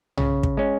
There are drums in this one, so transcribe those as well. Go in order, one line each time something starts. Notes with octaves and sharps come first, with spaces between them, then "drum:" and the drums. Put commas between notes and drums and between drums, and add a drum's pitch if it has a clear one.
C#3, drum: tom B1
drum: kick
G#3 C#4